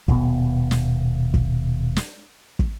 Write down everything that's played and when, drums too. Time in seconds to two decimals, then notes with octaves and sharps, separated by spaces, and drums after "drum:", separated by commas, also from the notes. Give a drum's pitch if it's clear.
0.08 D#1 B2 B3, drum: kick
0.71 drum: snare
1.34 drum: kick
1.96 drum: snare
2.59 drum: kick